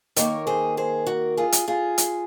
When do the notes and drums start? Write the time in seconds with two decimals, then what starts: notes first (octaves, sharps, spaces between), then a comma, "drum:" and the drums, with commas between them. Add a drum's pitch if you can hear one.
0.16 D#3 A#3 A#4 C#5, drum: hi-hat
0.47 G#4 C5
0.77 G#4 C5
1.07 F#4 A#4
1.37 F4 G#4
1.52 drum: hi-hat
1.68 F4 G#4
1.98 drum: hi-hat